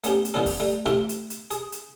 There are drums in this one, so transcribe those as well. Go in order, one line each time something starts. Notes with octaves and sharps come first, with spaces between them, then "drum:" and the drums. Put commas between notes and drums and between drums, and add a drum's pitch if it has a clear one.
A3 B3 C#4 G4, drum: hi-hat
drum: hi-hat
A#2 E3 G3 B3 C#4 A4
drum: kick, open hi-hat
G3 A3
A3 C4 E4 F4 G4, drum: snare
drum: hi-hat
drum: hi-hat
G#4, drum: hi-hat
drum: hi-hat